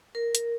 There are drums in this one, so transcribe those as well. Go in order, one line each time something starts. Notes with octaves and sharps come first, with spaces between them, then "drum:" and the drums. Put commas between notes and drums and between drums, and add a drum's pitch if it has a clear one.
A#4
drum: hi-hat